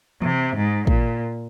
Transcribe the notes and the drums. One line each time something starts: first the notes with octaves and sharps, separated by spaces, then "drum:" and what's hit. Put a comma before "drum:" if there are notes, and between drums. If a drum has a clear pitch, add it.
C3, drum: tom E3
G#2
A#2, drum: kick